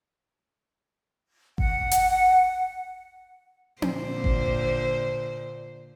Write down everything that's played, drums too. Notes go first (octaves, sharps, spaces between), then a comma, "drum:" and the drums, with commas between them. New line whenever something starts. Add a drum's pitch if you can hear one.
F#5, drum: kick G#1
drum: hi-hat
A#2 D3 C5, drum: tom C4
drum: kick G#1